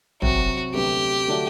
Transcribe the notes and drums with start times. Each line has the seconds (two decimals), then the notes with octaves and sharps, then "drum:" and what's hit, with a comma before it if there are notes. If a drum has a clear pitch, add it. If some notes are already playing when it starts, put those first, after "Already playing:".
0.22 C3 F#3 C4 F#4, drum: tom
0.74 D2 C3 F#3 B3 G4
1.27 D3 F#3 A3 D4 F#4